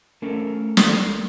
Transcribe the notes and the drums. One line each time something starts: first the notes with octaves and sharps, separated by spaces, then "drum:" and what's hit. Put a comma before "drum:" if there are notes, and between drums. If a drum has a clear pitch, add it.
A3 C#4 A4 A#4
drum: snare